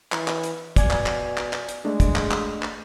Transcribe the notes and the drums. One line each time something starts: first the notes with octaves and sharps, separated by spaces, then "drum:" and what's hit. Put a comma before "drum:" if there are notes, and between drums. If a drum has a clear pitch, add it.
E3, drum: clap
drum: clap
drum: hi-hat
B2 D5 G#5 G#6, drum: kick, hi-hat
drum: clap
drum: clap
drum: clap
drum: clap
drum: hi-hat
G#3 A3 D4
drum: kick, hi-hat
drum: clap
drum: clap
drum: clap